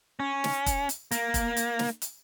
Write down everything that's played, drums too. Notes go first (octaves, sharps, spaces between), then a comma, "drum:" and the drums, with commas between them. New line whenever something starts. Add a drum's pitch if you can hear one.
C#4
drum: snare
drum: kick, hi-hat
drum: hi-hat
A#3, drum: hi-hat
drum: kick, hi-hat
drum: hi-hat
drum: snare
drum: hi-hat